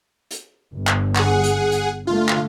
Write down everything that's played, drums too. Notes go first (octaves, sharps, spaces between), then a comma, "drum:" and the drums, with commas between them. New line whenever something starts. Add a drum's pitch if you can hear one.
drum: hi-hat
G1
drum: clap
G#4 F#5, drum: clap
drum: hi-hat
drum: hi-hat
D3 A3 F4
drum: clap